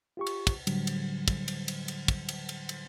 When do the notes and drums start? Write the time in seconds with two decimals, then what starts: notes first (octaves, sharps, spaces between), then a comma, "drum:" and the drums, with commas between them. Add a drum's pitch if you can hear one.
0.17 F4 G4 C#6
0.27 drum: cymbal
0.47 drum: kick, cymbal
0.67 A2 D3 F#3 G3, drum: cymbal
0.87 drum: cymbal
1.28 drum: kick, cymbal
1.48 drum: cymbal
1.68 drum: cymbal
1.88 drum: cymbal
2.08 drum: kick, cymbal
2.29 drum: cymbal
2.49 drum: cymbal
2.69 drum: cymbal